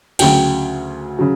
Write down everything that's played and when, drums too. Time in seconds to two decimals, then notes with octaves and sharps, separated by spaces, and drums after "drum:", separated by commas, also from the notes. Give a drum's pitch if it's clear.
0.19 D2 C#3 F#3 G5, drum: cymbal
1.19 C#3 F#3